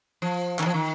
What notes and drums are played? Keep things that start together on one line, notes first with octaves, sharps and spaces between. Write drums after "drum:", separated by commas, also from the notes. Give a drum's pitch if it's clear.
F3
D#3, drum: clap
F3
D#3